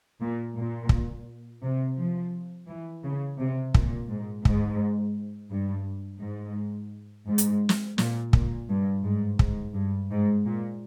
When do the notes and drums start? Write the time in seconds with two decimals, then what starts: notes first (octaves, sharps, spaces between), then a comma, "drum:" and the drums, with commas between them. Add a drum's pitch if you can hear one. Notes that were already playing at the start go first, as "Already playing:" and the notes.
0.21 A#2
0.57 A#2
0.89 drum: kick
1.63 C3
1.97 F3
2.68 E3
3.04 C#3
3.40 C3
3.74 A#2, drum: kick
4.10 G#2
4.45 G#2, drum: kick
5.51 G2
6.21 G#2
7.27 G#2
7.38 drum: hi-hat
7.69 drum: snare
7.98 A#2, drum: snare
8.33 A#2, drum: kick
8.69 G2
9.04 G#2
9.39 G#2, drum: kick
9.75 G2
10.10 G#2
10.45 A#2